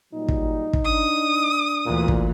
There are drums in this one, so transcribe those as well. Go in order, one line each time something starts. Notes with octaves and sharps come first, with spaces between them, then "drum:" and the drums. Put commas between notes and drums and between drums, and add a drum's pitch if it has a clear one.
A#2 F#3 G3 D#4
drum: kick
drum: kick
D4 D#6
D2 A#2 E3
drum: kick